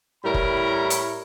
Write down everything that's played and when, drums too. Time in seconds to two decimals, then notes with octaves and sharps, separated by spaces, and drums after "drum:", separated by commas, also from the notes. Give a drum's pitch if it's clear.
0.25 A2 G3 E4 A#4 C#5 B5
0.34 drum: kick F#1
0.90 drum: hi-hat